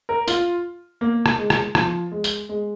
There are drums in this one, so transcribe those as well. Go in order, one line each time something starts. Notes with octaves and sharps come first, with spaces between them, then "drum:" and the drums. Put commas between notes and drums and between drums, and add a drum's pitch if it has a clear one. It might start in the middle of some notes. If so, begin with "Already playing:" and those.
A#4
F4, drum: tambourine
A#3
drum: rim click
G#3
drum: rim click
F3, drum: rim click
G#3
drum: tambourine
G#3